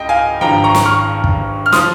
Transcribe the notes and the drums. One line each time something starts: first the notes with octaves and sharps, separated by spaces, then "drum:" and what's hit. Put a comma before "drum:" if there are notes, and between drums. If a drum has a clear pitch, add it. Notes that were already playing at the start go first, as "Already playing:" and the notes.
Already playing: C#2 D#5 G5
F5 G#5
G#1 G2 F3 G5 A#5
A#5 C#6
drum: snare
C#6 F6
drum: kick
F6
F3 C6 D#6, drum: snare